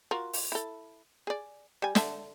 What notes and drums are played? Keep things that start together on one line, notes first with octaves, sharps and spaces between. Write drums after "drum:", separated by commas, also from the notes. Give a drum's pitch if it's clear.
F4 F#4 A#4
drum: open hi-hat
E4 A4
G#4 D5
G3 G#5
D3 E5 A5, drum: snare